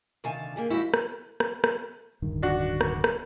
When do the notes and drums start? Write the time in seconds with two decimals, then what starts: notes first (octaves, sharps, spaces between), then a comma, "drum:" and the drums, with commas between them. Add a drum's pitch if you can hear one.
0.24 D2 C3 D#3 F5 G#5 A5
0.56 A#3 G4 G#4
0.70 F2 G#3 E4 F#4 G4 F5
0.94 drum: rim click
1.40 drum: rim click
1.64 drum: rim click
2.22 D1 G2 D#3
2.43 D4 F#4
2.81 drum: rim click
3.04 drum: rim click